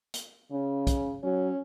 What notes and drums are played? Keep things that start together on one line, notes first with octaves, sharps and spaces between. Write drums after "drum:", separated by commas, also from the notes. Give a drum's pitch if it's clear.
drum: hi-hat
C#3 C#4
drum: kick, hi-hat
F#3 C#4